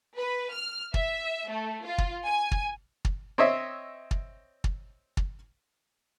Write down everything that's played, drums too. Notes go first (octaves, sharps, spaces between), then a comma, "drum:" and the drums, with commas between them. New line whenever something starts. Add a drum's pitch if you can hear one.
B4
F6
E5, drum: kick
A3
F4
drum: kick
G#5
drum: kick
drum: kick
C4 C#5 D#5 E5
drum: kick
drum: kick
drum: kick